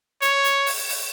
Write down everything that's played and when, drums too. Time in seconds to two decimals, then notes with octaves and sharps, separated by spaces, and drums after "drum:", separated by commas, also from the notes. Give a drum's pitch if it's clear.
0.22 C#5, drum: hi-hat
0.44 drum: hi-hat
0.66 drum: open hi-hat
0.89 drum: open hi-hat